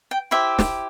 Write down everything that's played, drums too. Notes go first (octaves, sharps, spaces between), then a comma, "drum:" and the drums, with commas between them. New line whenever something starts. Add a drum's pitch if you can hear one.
G5
E4 G4 C5 E5
drum: snare